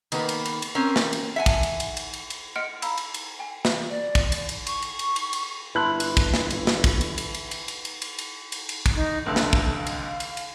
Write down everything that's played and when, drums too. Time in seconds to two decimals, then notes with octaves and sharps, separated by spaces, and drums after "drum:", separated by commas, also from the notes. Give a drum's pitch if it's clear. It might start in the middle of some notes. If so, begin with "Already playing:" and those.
0.12 D#3 A#3 B3 B4, drum: cymbal
0.29 drum: cymbal
0.45 drum: cymbal
0.62 drum: cymbal
0.75 C4 C#4 A#4
0.96 drum: snare
1.13 drum: cymbal
1.36 E5 F#5 G#5
1.46 drum: kick, cymbal
1.63 drum: cymbal
1.80 drum: cymbal
1.97 drum: cymbal
2.13 drum: cymbal
2.30 drum: cymbal
2.56 D#5 F#5 C6 F6 C#7 D7
2.82 F5 A#5 B5 E6, drum: cymbal
2.97 drum: cymbal
3.14 drum: cymbal
3.39 G5 G#5
3.65 drum: snare
3.90 D5
4.15 drum: kick, cymbal
4.32 drum: cymbal
4.49 drum: cymbal
4.67 C#6, drum: cymbal
4.82 drum: cymbal
4.99 drum: cymbal
5.16 drum: cymbal
5.33 drum: cymbal
5.75 G1 E4 B4 A5 B5 C6 F#6
6.00 drum: cymbal
6.17 drum: kick, cymbal
6.34 drum: snare
6.50 drum: cymbal
6.67 drum: snare
6.84 drum: kick, cymbal
7.01 drum: cymbal
7.18 drum: cymbal
7.34 drum: cymbal
7.51 drum: cymbal
7.68 drum: cymbal
7.85 drum: cymbal
8.02 drum: cymbal
8.18 drum: cymbal
8.52 drum: cymbal
8.69 drum: cymbal
8.86 drum: kick, cymbal
8.95 D#4
9.26 F1 C#2 D3 A3
9.36 drum: snare
9.53 drum: kick
9.76 F5
9.86 drum: cymbal
10.20 drum: cymbal
10.37 drum: cymbal